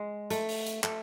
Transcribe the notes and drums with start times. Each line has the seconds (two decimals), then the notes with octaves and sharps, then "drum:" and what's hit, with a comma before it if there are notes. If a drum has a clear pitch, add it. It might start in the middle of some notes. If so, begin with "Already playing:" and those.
Already playing: G#3
0.30 A3, drum: hi-hat
0.49 drum: open hi-hat
0.66 drum: hi-hat
0.84 A3, drum: clap